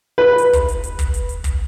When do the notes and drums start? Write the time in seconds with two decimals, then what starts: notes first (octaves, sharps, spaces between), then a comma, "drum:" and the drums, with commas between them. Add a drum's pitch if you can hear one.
0.18 B4
0.38 drum: hi-hat
0.53 drum: kick, hi-hat
0.68 drum: hi-hat
0.84 drum: hi-hat
0.99 drum: kick, hi-hat
1.14 drum: hi-hat
1.29 drum: hi-hat
1.44 drum: kick, hi-hat